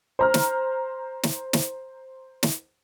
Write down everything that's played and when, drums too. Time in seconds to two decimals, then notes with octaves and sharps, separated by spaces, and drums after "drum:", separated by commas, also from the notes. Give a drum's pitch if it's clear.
0.19 C5 A#5 F6
0.34 drum: snare
1.23 drum: snare
1.53 drum: snare
2.43 drum: snare